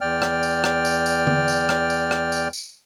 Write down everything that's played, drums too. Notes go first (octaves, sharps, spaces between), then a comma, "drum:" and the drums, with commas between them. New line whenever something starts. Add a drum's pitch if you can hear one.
E2 D5 G5 F6
drum: rim click
drum: tambourine
drum: rim click
drum: tambourine
drum: tambourine
drum: tom D3
drum: tambourine
drum: rim click
drum: tambourine
drum: rim click
drum: tambourine
drum: tambourine